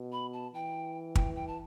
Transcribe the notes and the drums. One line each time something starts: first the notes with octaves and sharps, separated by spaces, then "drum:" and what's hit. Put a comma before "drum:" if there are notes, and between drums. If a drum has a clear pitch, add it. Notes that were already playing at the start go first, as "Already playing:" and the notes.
Already playing: B2
B5
A5
E3 G5
G5, drum: kick
G5
A5